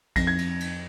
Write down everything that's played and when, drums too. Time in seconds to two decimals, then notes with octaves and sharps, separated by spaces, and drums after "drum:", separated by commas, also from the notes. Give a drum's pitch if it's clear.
0.16 F2 A#6, drum: kick, cymbal
0.27 G#6
0.38 drum: cymbal
0.60 drum: cymbal